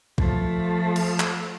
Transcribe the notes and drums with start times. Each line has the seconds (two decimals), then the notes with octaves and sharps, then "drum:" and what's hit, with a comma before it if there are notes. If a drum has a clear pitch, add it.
0.18 F3 A3, drum: kick
0.96 drum: cymbal
1.20 drum: clap